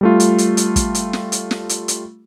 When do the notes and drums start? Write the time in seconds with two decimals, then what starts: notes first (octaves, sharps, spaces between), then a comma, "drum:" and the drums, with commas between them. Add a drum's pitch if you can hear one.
0.01 G3 A3 F4
0.20 drum: hi-hat
0.38 drum: hi-hat
0.57 drum: hi-hat
0.76 drum: kick, hi-hat
0.95 drum: hi-hat
1.13 drum: snare
1.32 drum: hi-hat
1.51 drum: snare
1.69 drum: hi-hat
1.88 drum: hi-hat